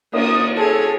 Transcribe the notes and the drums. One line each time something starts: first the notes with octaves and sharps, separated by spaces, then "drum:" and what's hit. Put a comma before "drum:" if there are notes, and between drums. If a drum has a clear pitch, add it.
A#3 D#6, drum: cymbal
G#4 A4 C#5